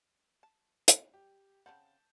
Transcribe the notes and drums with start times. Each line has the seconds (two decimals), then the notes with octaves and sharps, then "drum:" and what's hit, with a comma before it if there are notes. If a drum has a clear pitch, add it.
0.43 A5
0.88 G3, drum: hi-hat
1.14 G4
1.66 C#3 C4 F#5 A5 G6